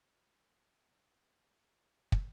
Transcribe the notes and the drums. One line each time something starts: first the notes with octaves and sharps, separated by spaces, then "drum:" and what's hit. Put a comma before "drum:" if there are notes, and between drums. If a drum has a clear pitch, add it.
C3 E3 G#3 A#3
G#2 G5
F#3 A#3 F4
A2 C#3 E3 A3
G#3
drum: kick